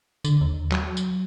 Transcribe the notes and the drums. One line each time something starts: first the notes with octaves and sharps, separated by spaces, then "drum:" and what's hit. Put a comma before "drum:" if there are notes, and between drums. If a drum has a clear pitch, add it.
D3, drum: tambourine
D#2
F#3, drum: clap
drum: tambourine